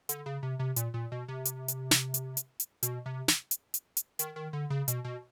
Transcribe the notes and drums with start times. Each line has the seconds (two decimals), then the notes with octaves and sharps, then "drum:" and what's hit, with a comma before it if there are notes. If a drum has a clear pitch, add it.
0.09 D3, drum: hi-hat
0.26 C#3
0.43 C3
0.59 C3
0.76 A#2, drum: hi-hat
0.94 A#2
1.12 B2
1.28 C3
1.45 drum: hi-hat
1.68 drum: hi-hat
1.91 drum: snare
2.14 drum: hi-hat
2.37 drum: hi-hat
2.60 drum: hi-hat
2.83 B2, drum: hi-hat
3.06 C3
3.28 drum: snare
3.51 drum: hi-hat
3.74 drum: hi-hat
3.97 drum: hi-hat
4.19 D#3, drum: hi-hat
4.36 D#3
4.53 D3
4.70 C#3
4.88 B2, drum: hi-hat
5.05 B2